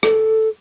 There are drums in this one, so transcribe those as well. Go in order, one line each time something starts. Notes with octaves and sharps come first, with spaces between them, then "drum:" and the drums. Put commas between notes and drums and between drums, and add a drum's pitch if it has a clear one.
A4, drum: rim click